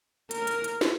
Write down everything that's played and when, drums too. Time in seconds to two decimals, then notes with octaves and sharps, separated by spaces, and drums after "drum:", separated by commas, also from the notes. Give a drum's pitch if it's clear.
0.31 A#4, drum: hi-hat
0.47 drum: hi-hat
0.64 drum: hi-hat
0.81 drum: snare